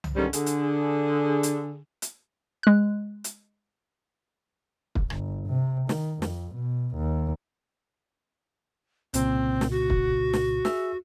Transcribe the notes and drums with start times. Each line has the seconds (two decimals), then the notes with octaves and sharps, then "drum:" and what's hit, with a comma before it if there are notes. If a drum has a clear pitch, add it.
0.04 drum: tom C2
0.15 D3 D#3 G3 G#3 C4 C#4
0.33 D3 G#4, drum: hi-hat
0.46 drum: hi-hat
1.43 drum: hi-hat
2.02 drum: hi-hat
2.63 G#3 F#6
3.24 drum: hi-hat
4.95 drum: kick
5.10 G1, drum: rim click
5.47 C3
5.89 D#3, drum: snare
6.22 F2, drum: snare
6.55 B2
6.96 D#2
9.14 C2 A#2 C#3 C4, drum: hi-hat
9.61 drum: snare
9.71 F#4
9.90 drum: kick
10.33 drum: snare
10.65 G#4 E5 E6, drum: snare